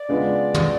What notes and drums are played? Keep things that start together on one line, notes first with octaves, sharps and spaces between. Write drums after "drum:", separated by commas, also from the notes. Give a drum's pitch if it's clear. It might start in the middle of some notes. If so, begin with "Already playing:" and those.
Already playing: D5
C#3 G#3 B3 D4 F4
drum: tom